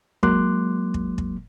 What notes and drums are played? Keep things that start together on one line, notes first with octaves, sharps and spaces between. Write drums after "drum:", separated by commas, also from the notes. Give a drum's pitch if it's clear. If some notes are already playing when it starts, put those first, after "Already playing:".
F#3 G#3 A#3 C6 D6 F#6, drum: kick
drum: kick
drum: kick